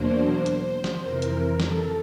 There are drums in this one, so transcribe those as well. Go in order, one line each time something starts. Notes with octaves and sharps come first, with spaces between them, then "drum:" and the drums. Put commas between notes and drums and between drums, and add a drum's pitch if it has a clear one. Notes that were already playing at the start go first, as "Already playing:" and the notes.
Already playing: E2 B2 F#3 A#3 D4 C5
C5, drum: hi-hat
drum: snare
F2 C3 E3 A#4
drum: hi-hat
A4, drum: snare